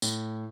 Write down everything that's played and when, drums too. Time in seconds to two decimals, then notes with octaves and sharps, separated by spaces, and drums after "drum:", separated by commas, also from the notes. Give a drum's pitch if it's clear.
0.02 A2, drum: tambourine